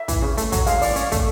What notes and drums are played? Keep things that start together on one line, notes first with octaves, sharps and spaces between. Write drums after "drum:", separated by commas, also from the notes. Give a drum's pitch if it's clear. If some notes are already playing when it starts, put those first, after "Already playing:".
Already playing: E5
E3, drum: kick, hi-hat
C#3
A3, drum: hi-hat
F#3, drum: kick, hi-hat
G#3 F5, drum: hi-hat
E3 D5, drum: open hi-hat
C#4, drum: hi-hat
A3, drum: kick, hi-hat